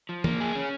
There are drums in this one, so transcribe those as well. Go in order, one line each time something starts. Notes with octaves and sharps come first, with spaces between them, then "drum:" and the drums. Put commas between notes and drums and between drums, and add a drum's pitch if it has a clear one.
F3
A#3, drum: tom
G#4
C#4